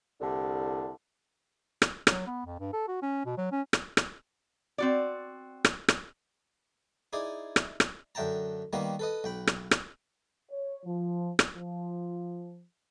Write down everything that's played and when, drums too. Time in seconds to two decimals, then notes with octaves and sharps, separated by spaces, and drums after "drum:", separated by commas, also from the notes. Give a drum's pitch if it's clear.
0.21 C2 D3
1.82 drum: rim click
2.07 F#3, drum: rim click
2.27 B3
2.46 F2
2.59 G2
2.73 A4
2.88 F#4
3.02 C#4
3.25 B2
3.37 F#3
3.52 C#4
3.73 drum: rim click
3.97 drum: rim click
4.78 C4 F#4 D5
5.65 drum: rim click
5.88 drum: rim click
7.13 D#4 E4 G#4 D5
7.56 drum: rim click
7.80 drum: rim click
8.15 F#2 D3 E5 G5 A5 A#5
8.73 D#3 G3 A#3 B3
8.99 A4 B4 D#5
9.24 B1 G5 B5
9.47 drum: rim click
9.71 drum: rim click
10.51 C#5
10.85 F3
11.39 drum: rim click
11.54 F3